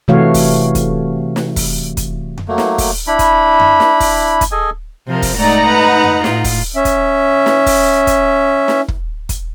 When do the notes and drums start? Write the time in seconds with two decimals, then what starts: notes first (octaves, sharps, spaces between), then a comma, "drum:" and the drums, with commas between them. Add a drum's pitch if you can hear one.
0.08 C3 E3 A3 F#4 C#5 F5
0.34 drum: kick, open hi-hat
0.75 drum: kick, hi-hat
1.36 drum: snare
1.56 drum: kick, open hi-hat
1.97 drum: kick, hi-hat
2.38 drum: tom F2
2.48 F#3 A3 A#3
2.58 drum: snare
2.78 drum: kick, open hi-hat
3.07 D4 E4 B5
3.19 drum: kick, hi-hat
3.60 drum: tom F2
3.80 drum: snare
4.00 drum: kick, open hi-hat
4.41 drum: kick, hi-hat
4.52 G#4 A4 D#5 G#5
5.07 C3 F3 A#4
5.22 drum: kick, open hi-hat
5.37 G#2 A3 D#4 D5 F#5 A#5
5.68 B4
6.04 drum: tom F2
6.24 A2 F4, drum: snare
6.44 drum: kick, open hi-hat
6.76 C#4 E5
6.85 drum: kick, hi-hat
7.46 drum: snare
7.66 drum: kick, open hi-hat
8.07 drum: kick, hi-hat
8.68 drum: snare
8.88 drum: kick
9.29 drum: kick, hi-hat